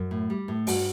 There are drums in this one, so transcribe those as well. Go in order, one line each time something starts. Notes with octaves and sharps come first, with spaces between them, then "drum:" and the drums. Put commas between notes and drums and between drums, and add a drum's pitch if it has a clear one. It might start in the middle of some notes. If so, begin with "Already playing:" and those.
Already playing: F#2
A2
G3
A2
G2 F#4, drum: open hi-hat